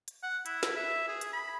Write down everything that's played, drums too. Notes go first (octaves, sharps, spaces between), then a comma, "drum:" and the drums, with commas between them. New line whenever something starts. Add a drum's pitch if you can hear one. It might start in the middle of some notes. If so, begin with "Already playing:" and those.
drum: hi-hat
F#5
E4, drum: hi-hat
E4, drum: snare
E5
G#4
drum: hi-hat
B5